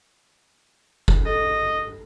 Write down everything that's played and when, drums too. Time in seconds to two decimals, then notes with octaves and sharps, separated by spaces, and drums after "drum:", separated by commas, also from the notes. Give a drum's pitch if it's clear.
1.08 drum: kick F#1
1.25 A4 D#5